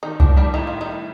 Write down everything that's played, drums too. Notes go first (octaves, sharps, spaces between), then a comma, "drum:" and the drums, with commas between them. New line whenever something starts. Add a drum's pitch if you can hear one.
D#3 D#4
F3 D4, drum: kick C2
G3 D4
A2 D#4
F4
D#4